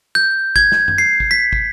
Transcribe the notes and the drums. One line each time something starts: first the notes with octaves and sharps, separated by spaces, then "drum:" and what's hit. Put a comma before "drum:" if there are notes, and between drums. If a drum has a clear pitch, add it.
G6
G#6, drum: kick
drum: snare
drum: tom F#2
C7
drum: kick
B6
drum: kick